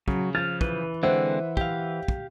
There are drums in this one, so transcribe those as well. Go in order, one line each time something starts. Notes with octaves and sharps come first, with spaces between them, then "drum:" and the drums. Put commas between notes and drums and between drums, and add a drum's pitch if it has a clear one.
C#3 F#3, drum: kick
F3 F6 A6
E3 B4, drum: kick
D3 G#3 C4 C5 E5 F#5 E6
G4 F5, drum: kick
drum: kick